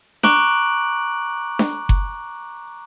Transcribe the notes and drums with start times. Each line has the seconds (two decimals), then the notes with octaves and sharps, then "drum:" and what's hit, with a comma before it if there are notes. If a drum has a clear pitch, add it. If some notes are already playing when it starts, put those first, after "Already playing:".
0.23 A#5 C#6 D6 F#6 D7 F#7, drum: snare D4
1.59 drum: snare D4
1.89 drum: kick F#1